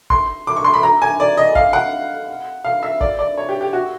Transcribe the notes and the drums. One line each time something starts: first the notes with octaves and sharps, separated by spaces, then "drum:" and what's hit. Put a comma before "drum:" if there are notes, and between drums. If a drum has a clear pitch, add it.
C6, drum: kick F#1
D6
C#6
C6
B5
A#5
G#5
D5
D#5
F5, drum: kick F#1
F#5
F5
E5
D5, drum: kick F#1
D5
C#5
G4
G4
F#4